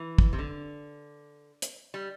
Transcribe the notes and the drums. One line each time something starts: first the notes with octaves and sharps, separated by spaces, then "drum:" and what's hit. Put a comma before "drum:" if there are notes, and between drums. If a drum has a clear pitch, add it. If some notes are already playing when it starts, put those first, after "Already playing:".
Already playing: E3
drum: kick
C3
D3
drum: hi-hat
G3